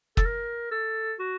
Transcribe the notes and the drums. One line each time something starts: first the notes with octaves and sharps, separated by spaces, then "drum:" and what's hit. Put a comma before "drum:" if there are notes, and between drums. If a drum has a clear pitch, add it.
A4, drum: kick
A#4
A4
F#4